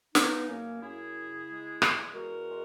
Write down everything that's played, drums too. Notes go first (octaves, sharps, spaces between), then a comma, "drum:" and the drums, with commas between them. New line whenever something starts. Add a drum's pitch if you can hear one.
C#3 B3 D#4, drum: snare
F#2 A#3 C#4
F#2 E4 G#4
C#3
G#3
E2, drum: rim click
E2 F#4 A#4
G#3